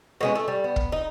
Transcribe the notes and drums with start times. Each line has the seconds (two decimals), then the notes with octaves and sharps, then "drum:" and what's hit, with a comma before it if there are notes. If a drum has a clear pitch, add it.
0.21 B2 G#3 C#4
0.35 A3
0.48 G3
0.64 B3
0.76 drum: kick
0.92 D#4